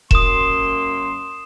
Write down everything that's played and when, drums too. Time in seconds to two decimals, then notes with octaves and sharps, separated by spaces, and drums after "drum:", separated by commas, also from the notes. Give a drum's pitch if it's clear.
0.11 F#2 A#3 C6 D#6 E7, drum: kick E1